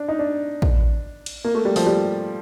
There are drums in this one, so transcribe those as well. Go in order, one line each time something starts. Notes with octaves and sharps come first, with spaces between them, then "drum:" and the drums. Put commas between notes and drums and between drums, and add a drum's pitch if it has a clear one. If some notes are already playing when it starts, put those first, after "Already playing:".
Already playing: D4
D#4
D4
drum: kick
drum: cymbal
A#3
A3
G3
F3, drum: open hi-hat
G3